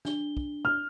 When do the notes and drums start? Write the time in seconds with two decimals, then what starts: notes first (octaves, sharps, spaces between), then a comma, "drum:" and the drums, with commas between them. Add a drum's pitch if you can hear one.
0.05 D4 G7, drum: snare
0.37 drum: kick
0.65 F6